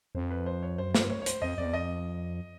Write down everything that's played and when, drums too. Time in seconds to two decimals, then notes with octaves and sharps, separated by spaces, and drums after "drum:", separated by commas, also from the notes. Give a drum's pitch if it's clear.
0.15 F2 C5
0.31 B4
0.46 C5
0.63 C#5
0.78 F#2 C5
0.95 G2 C5, drum: snare
1.10 C#5
1.22 C#5
1.26 C5, drum: hi-hat
1.42 F2 D#5
1.58 F2 D5
1.65 E2
1.73 F2 D#5